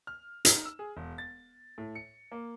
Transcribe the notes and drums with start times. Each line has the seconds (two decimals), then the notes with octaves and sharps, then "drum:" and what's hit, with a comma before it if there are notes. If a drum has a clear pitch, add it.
0.07 F6
0.45 D#4, drum: hi-hat
0.65 E6
0.79 G#4
0.97 E1
1.18 A6
1.78 A2
1.95 C#7
2.32 A#3